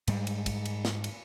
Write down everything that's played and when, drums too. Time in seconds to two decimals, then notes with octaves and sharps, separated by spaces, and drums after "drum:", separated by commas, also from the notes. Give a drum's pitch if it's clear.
0.08 G#2 G3 G#3, drum: cymbal
0.27 drum: cymbal
0.46 drum: kick, cymbal
0.65 drum: cymbal
0.85 drum: snare
1.04 drum: cymbal